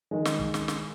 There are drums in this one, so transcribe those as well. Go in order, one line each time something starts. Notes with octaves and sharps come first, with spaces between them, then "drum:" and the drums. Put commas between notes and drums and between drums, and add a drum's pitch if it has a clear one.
D#3 G#3
drum: snare
drum: kick
drum: snare
drum: snare